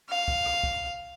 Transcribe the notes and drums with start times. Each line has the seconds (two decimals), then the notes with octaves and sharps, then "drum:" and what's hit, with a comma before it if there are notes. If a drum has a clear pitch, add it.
0.10 F5
0.28 drum: kick
0.46 drum: rim click
0.63 drum: kick